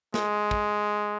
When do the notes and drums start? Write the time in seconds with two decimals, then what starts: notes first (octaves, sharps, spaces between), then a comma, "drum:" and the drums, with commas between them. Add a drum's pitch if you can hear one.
0.14 G#3, drum: snare
0.51 drum: kick